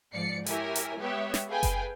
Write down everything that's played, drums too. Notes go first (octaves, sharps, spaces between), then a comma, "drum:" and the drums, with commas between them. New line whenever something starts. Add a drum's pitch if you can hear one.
G#2 F3 D5 C7 C#7
E4 G4 A#4 C#5 E5 G#5, drum: hi-hat
drum: hi-hat
G#3 B3 G4 C#5 E5
drum: snare
G#4 A4 B4 F5 G5 G#5
drum: kick F#1, hi-hat